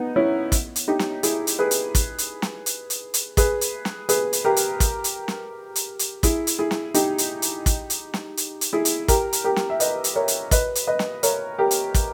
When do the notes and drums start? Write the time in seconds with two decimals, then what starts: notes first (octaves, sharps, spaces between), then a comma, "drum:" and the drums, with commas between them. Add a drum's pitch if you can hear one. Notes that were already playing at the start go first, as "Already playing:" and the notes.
Already playing: B3 D#4
0.16 C#4 E4
0.52 drum: kick, hi-hat
0.76 drum: hi-hat
0.88 D#4 G4
0.99 drum: snare
1.23 E4 G#4, drum: hi-hat
1.47 drum: hi-hat
1.59 G#4 B4
1.71 drum: hi-hat
1.95 drum: kick, hi-hat
2.18 drum: hi-hat
2.42 drum: snare
2.66 drum: hi-hat
2.90 drum: hi-hat
3.14 drum: hi-hat
3.37 G#4 B4, drum: kick, hi-hat
3.61 drum: hi-hat
3.85 drum: snare
4.09 G#4 B4, drum: hi-hat
4.33 drum: hi-hat
4.45 G4 A#4
4.56 drum: hi-hat
4.80 drum: kick, hi-hat
5.04 drum: hi-hat
5.28 drum: snare
5.76 drum: hi-hat
5.99 drum: hi-hat
6.23 E4 G#4, drum: kick, hi-hat
6.47 drum: hi-hat
6.59 E4 G#4
6.71 drum: snare
6.94 D#4 G4, drum: hi-hat
7.18 drum: hi-hat
7.42 drum: hi-hat
7.66 drum: kick, hi-hat
7.90 drum: hi-hat
8.14 drum: snare
8.37 drum: hi-hat
8.61 drum: hi-hat
8.73 E4 G#4
8.85 drum: hi-hat
9.08 G4 A#4, drum: kick, hi-hat
9.33 drum: hi-hat
9.44 G4 A#4
9.56 drum: snare
9.70 E5
9.80 B4 D#5, drum: hi-hat
10.04 drum: hi-hat
10.16 A#4 C#5
10.28 drum: hi-hat
10.51 B4 D#5, drum: kick, hi-hat
10.75 drum: hi-hat
10.87 B4 D#5
10.99 drum: snare
11.23 A#4 C#5, drum: hi-hat
11.58 G4 A#4
11.71 drum: hi-hat
11.94 drum: kick, hi-hat